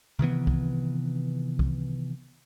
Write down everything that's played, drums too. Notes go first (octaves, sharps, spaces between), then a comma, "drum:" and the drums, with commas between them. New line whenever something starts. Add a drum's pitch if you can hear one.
C3 D#3 E3 B3
drum: kick
drum: kick